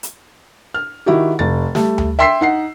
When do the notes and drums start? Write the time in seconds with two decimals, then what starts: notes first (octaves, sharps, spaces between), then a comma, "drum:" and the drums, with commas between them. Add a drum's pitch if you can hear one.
0.03 drum: hi-hat
0.74 F6
1.06 D#3 E4 F#4 G4
1.39 F1 A6
1.75 G3 A3, drum: snare
1.98 drum: tom D2
2.19 E5 G5 C6 E6 B6 C7
2.41 D#4 F#5 C7